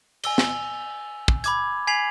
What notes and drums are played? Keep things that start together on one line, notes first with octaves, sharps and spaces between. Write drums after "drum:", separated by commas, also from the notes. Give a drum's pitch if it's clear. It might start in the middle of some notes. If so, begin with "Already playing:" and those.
G#5 E6 G7, drum: cymbal
drum: snare
drum: kick
B5 D6 G#6, drum: hi-hat
G#5 G#6 B6 C7 F7 F#7